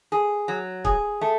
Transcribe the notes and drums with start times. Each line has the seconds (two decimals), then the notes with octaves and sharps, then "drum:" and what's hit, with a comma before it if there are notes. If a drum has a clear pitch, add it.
0.12 G#4
0.48 F#3
0.85 G#4, drum: kick C#1
1.21 A3